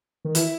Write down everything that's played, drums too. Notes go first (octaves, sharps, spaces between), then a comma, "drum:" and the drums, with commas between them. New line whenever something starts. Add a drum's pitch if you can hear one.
D#3
E3 E4, drum: hi-hat